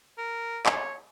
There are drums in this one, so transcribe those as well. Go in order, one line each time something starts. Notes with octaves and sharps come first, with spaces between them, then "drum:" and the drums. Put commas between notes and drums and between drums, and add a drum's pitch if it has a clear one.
A#4
C#5, drum: clap